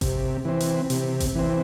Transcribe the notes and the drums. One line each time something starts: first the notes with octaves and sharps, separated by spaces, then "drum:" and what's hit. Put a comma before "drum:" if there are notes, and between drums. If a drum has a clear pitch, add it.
C3, drum: kick G#1, hi-hat
E3 C4
drum: hi-hat
C3, drum: hi-hat
drum: kick G#1, hi-hat
E3 C4